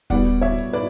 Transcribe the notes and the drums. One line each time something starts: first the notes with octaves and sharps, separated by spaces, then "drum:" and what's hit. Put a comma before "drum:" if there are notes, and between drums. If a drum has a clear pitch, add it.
B2 G3 B3 D5 F#5, drum: kick D#1, hi-hat
C#5 E5
drum: hi-hat
B4 D5